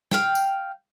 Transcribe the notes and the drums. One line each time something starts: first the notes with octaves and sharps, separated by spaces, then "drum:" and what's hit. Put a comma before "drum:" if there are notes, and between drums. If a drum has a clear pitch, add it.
F5 G5, drum: snare
drum: tambourine